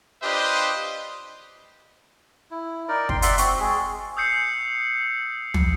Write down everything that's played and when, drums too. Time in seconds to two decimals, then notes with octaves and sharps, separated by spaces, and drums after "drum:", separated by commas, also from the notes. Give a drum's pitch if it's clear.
0.23 D4 F4 G4 B4 C5 D#5
2.51 E4
2.88 D#4 A#4 D5
3.09 G5 C6, drum: kick
3.22 D5 E5 F#5 C6, drum: hi-hat
3.38 C4 F#4, drum: hi-hat
3.60 G#3 G#4
4.17 D#6 E6 G6 C7 C#7
5.54 drum: tom